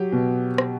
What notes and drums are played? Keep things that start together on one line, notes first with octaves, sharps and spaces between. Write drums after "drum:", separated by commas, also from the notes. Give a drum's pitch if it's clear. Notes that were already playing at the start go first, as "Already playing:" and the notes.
Already playing: F#3 G4
B2
drum: rim click